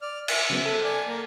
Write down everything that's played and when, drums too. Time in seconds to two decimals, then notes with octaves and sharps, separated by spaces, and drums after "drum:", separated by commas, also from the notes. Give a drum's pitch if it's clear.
0.02 D5 F6
0.28 E5 F#6, drum: cymbal
0.50 C#3 F#3 B3
0.66 A4
0.84 D5 G#5
1.08 A#3